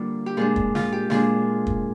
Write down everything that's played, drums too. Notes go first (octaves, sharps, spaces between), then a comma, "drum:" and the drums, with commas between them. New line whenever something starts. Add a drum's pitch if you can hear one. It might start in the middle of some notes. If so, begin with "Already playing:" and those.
Already playing: D3 G3 A#3 D4 F4
G4
A#2 G#3 D4 G#4
drum: kick
F4, drum: snare
G4
A#2 G#3 D4 G#4, drum: snare
drum: kick